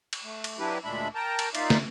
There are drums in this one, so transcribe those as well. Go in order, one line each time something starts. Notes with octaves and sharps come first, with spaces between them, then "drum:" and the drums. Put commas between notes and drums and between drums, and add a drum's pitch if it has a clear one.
drum: cymbal
A3
drum: cymbal
F#3 D4 E4 G4 B4
D2 A#2 G#3 D4 E5 B5
A#4 G5 A5 A#5
drum: cymbal
A#3 D#4 F4 D5 E5 F5, drum: cymbal
drum: snare